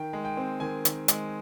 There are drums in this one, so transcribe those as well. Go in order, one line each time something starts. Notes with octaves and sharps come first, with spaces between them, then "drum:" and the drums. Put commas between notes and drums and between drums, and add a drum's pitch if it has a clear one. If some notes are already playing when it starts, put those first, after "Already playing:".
Already playing: D#3 G5
G#3
G5
C4
D#3 G#5
D#3, drum: hi-hat
G#3, drum: hi-hat